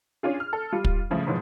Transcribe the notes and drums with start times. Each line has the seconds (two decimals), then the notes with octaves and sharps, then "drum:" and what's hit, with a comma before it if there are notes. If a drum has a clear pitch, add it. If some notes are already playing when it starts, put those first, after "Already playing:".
0.23 C#4 D4 F4 G#4
0.40 F6
0.53 A4
0.73 G3 F4
0.84 drum: kick
1.10 G2 C#3 F3 A3
1.27 G#2 B2 D#3 F3 F#3 G#3